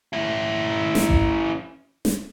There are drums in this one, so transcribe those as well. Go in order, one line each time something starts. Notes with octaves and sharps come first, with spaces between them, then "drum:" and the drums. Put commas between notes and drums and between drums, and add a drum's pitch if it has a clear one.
C#4 E4
drum: snare
drum: kick G#1
drum: snare